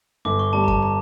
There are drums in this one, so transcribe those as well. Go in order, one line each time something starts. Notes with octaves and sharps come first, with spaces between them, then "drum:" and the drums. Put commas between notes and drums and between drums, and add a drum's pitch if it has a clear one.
G1 D6
C#6
G3 A5
A#5
A5, drum: kick F2
A#5